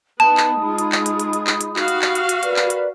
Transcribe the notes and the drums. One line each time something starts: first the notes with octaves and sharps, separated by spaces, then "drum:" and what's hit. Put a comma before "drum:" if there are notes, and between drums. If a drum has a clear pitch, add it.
B3 D#4 E4 A5 B5 D#6
drum: clap
G#3 F4 G#4
drum: hi-hat
drum: clap
drum: hi-hat
drum: hi-hat
drum: hi-hat
drum: clap
drum: hi-hat
F#4 G4 F5, drum: clap
drum: hi-hat
drum: clap
drum: hi-hat
drum: hi-hat
A#4 B4 D5, drum: hi-hat
drum: clap
drum: hi-hat